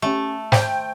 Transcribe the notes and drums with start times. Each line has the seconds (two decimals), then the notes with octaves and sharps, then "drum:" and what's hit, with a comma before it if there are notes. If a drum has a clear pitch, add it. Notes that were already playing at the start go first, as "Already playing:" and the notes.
0.02 A3 C#4 G4
0.52 C5 G5 G6, drum: snare